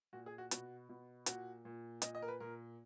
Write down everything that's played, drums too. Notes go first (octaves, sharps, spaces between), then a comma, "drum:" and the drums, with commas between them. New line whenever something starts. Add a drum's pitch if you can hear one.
A#2 F#4
G#4
F#4
B2 F#4, drum: hi-hat
B2
A#2 F#4, drum: hi-hat
A#2
A#2 D#5, drum: hi-hat
D#5
A#4
B4
A#2 A#4